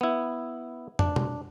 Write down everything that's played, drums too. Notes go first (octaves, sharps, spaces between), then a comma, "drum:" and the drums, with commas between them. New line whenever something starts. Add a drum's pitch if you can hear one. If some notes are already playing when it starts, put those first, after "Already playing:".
B3 E4
D4, drum: tom
drum: tom